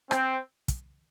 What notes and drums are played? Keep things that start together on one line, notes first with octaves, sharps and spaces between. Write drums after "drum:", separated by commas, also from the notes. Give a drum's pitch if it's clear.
C4, drum: rim click
drum: kick, hi-hat